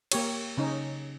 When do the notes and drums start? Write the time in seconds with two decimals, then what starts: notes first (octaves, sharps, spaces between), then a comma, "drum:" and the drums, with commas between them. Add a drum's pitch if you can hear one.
0.12 A#3 G4 C#5, drum: cymbal
0.57 C#3 C#4 D#4